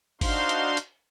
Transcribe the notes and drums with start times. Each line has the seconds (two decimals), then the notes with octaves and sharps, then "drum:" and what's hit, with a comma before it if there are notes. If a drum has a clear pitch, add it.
0.21 D4 D#4 F#4 C5 F5 C6, drum: kick, open hi-hat
0.49 drum: hi-hat
0.77 drum: hi-hat